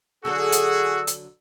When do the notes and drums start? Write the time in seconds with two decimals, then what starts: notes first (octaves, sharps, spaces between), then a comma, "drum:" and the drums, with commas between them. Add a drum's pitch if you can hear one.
0.25 D3 F#3 F#4 G#4 A4 E6
0.52 drum: hi-hat
1.07 drum: hi-hat